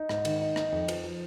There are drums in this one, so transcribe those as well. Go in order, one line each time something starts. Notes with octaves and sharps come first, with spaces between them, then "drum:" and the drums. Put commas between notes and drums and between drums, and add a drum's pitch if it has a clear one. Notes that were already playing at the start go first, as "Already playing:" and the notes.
Already playing: D#4
G#2, drum: rim click
D#3, drum: cymbal
D#4
D#4, drum: rim click
F2
F3, drum: cymbal
F3